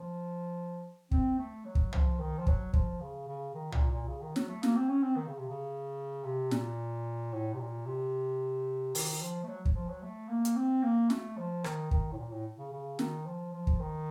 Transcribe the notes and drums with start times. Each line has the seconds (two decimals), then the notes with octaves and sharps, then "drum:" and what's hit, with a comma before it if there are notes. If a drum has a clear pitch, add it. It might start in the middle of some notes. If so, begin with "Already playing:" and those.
Already playing: F3
1.11 C4, drum: kick
1.39 A3
1.65 F#3
1.75 drum: kick
1.93 F3, drum: tom
2.19 D#3
2.39 F3
2.47 F#3, drum: kick
2.73 F3, drum: kick
3.01 C#3
3.28 C#3
3.55 D#3
3.72 A#2, drum: tom
3.91 A#2
4.08 C#3
4.22 D#3
4.36 F#3, drum: snare
4.49 A3
4.63 A#3, drum: snare
4.76 C4
4.89 C#4
5.03 C4
5.16 D#3
5.27 C#3
5.38 C3
5.49 C#3
6.24 C3
6.51 A#2, drum: snare
7.32 A2
7.54 C3
7.60 A#2
7.86 C3
8.95 D#3, drum: open hi-hat
9.21 F3
9.43 A3
9.48 F#3
9.65 drum: kick
9.75 F3
9.89 F#3
10.03 A3
10.29 A#3
10.45 drum: hi-hat
10.56 C4
10.83 A#3
11.10 A3, drum: snare
11.37 F3
11.64 D#3, drum: rim click
11.91 D#3, drum: kick
12.12 A2
12.17 A#2
12.31 A2
12.58 C#3
12.72 C#3
12.99 D#3, drum: snare
13.26 F3
13.53 F3
13.67 drum: kick
13.80 D#3